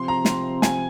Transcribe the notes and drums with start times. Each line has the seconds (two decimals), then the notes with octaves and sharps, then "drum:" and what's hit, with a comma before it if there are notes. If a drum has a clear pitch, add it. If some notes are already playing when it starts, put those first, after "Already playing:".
Already playing: C3 F3 C4 C6
0.08 A#5
0.25 drum: snare
0.62 G#5, drum: snare